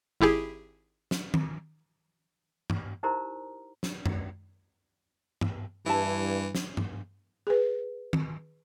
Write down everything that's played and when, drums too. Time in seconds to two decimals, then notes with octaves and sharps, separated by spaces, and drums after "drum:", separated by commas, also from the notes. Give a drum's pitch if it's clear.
0.21 G#1 E4 G4 G#4
1.11 drum: snare
1.34 drum: tom D#3
2.70 drum: tom G2
3.03 D#4 E4 G4 A#4 C5 A#5
3.83 drum: snare
4.06 drum: tom F#2
5.41 drum: tom G2
5.86 G2 E3 E4 A5
6.55 drum: snare
6.77 drum: tom G2
7.47 G#4 B4
8.13 drum: tom D#3